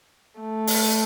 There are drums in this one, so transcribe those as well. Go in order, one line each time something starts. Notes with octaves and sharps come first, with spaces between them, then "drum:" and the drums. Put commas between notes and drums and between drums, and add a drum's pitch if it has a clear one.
A3
drum: open hi-hat